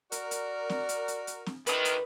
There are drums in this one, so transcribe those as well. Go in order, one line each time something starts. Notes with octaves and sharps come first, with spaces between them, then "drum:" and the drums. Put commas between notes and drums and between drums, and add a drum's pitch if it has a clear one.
F#4 A#4 D5, drum: hi-hat
drum: hi-hat
drum: snare C4
drum: hi-hat
drum: hi-hat
drum: hi-hat
drum: snare C4
D2 D#3 B4 D#6, drum: hi-hat
drum: hi-hat